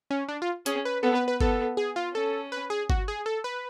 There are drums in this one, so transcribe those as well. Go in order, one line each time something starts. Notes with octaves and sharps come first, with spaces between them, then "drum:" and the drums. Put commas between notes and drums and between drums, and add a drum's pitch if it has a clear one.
C#4
D4
F4
C#4 G#4, drum: hi-hat
B4
B3 A4
B4
B4
B3 A4, drum: kick G1
G#4
F4
C#4 A4
B4
G#4
F#4, drum: kick G1
G#4
A4
B4